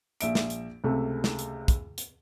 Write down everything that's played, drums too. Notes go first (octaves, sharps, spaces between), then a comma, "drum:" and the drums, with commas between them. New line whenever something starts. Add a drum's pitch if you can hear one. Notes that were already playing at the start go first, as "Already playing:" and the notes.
A#1 E5 D7, drum: hi-hat
drum: snare
drum: hi-hat
C#2 C3 A3
drum: snare
drum: hi-hat
drum: kick, hi-hat
drum: hi-hat